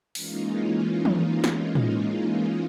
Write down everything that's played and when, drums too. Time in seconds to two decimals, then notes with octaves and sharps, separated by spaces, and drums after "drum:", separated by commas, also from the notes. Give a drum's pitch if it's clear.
0.15 E3 G#3 A#3 C#4 D#4 F4, drum: open hi-hat
1.05 drum: tom
1.44 drum: snare
1.75 drum: tom A2